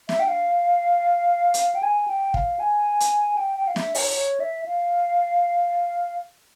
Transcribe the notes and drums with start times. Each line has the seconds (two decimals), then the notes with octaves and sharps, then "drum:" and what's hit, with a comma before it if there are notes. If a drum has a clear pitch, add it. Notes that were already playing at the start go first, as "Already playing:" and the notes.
0.09 E5, drum: snare
0.20 G5
0.28 F5
1.54 drum: hi-hat
1.75 G5
1.83 G#5
2.08 G5
2.34 F5, drum: kick
2.60 G#5
3.00 drum: hi-hat
3.37 G5
3.57 G5
3.68 F5
3.76 E5, drum: snare
3.95 C#5, drum: open hi-hat
4.14 C#5
4.40 E5
4.66 F5